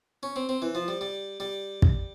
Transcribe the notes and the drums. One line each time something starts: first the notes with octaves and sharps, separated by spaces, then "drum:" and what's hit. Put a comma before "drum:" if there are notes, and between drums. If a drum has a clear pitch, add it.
C#4
C4
C4
E3
F3
G3
G3
G3
drum: kick